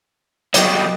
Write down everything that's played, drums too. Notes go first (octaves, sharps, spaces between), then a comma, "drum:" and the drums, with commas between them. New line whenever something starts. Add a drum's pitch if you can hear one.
C2 F#3 D#5 G5 D6, drum: hi-hat